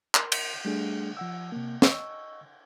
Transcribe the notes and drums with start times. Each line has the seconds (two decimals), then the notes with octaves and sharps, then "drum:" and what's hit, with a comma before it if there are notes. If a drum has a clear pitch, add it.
0.15 A#4 C6, drum: clap
0.32 drum: cymbal
0.65 G3 A3 D4 G#4
1.17 F3 F#5 E6
1.52 C3 A#3
1.82 D#5 C#6 E6, drum: snare